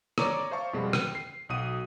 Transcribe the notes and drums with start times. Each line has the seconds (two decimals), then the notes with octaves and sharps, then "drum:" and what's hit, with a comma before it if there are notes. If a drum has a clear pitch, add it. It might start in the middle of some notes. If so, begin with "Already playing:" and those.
0.18 C#5 D5 A#5 C#6 D6, drum: rim click
0.51 C5 E5 F5 A5 C#6
0.73 F2 B2 G3 G#3
0.93 G5, drum: rim click
1.15 C7
1.49 B1 F#4 D#6 D#7